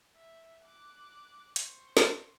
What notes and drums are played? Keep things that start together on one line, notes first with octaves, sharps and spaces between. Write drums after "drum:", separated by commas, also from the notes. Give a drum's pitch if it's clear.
E5
D6 F#6
C5 C#6, drum: hi-hat
drum: snare